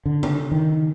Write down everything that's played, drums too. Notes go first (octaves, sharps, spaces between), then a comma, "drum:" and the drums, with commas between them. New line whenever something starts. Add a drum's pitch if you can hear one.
D3
drum: tom C#3
D#3